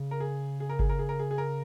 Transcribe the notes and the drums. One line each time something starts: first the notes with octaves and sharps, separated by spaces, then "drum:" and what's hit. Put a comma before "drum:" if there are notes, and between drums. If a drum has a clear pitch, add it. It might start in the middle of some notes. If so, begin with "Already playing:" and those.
Already playing: C#3
A#4
G#4
G#4
A#4
G#4, drum: kick G1
A#4
G#4
A#4
G#4
G#4
A#4